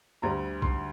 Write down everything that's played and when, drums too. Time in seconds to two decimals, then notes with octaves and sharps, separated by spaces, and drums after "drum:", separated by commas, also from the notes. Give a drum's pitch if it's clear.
0.22 D2 D3 G3 A#5
0.62 C6, drum: kick